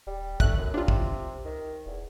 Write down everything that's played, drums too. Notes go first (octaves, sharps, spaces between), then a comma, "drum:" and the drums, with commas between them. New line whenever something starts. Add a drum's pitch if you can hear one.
D#1 G3
G#1 D2 A3 F#6, drum: kick
C#2 F#2
C3 D4 F4
drum: kick
D#3
E1 E2